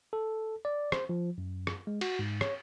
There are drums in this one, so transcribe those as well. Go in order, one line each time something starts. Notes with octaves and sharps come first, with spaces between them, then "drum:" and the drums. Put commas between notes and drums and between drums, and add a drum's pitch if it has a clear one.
A4
D5
C5, drum: rim click
F3
F#2
drum: rim click
G#3
F#4, drum: cymbal
G#2
C#5, drum: rim click